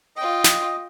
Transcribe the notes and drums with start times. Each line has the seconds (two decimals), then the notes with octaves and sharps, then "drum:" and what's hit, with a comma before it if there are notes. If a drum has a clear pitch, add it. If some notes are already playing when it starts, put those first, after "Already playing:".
0.16 F4 D#5 G5
0.44 drum: snare